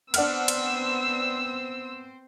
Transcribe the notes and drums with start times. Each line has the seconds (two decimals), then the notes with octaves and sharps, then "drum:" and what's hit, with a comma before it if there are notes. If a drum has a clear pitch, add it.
0.14 B3 C4 D4 C5 F#5 E6 F6, drum: cymbal
0.48 drum: cymbal